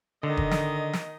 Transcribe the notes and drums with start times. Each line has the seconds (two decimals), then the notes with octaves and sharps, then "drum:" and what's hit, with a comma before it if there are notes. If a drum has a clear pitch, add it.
0.23 D3 D#3 D#5
0.37 drum: kick F1
0.51 drum: snare
0.93 drum: snare